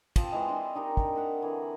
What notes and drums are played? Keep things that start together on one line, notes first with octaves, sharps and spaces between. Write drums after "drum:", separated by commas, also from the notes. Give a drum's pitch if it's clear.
F3 C4 F4 G5, drum: kick, cymbal
E3 G#3
D4 D#5 C6
D4 D#4 G4 A#4
drum: kick
A#4 E5 F#5 A#5
D3 E3 G#4